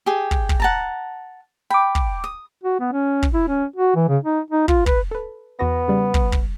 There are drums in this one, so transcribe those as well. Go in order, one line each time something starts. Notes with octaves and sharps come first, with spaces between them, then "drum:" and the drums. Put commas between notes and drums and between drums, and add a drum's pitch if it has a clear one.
G4 G#4
drum: kick
drum: kick
F#5 A5 A#5
G5 B5 D6
drum: kick
D#6
F#4
B3
C#4
drum: kick
E4
C#4
F#4
E3
C#3
D#4
D#4
F4, drum: kick
B4, drum: kick
A4 B4
E2 B3 F#4 A#6
C#3 G3
drum: kick
drum: kick